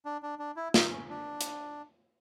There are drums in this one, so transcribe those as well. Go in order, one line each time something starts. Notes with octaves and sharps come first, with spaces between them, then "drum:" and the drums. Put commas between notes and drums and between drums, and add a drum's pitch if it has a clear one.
D4
D4
D4
E4
D#4, drum: snare
C#4
D4
drum: hi-hat